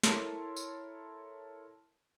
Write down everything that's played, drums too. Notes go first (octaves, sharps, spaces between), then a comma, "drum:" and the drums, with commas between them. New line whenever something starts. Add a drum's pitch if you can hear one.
E4 A4 A#4 C#5 A5 C6, drum: snare
drum: tambourine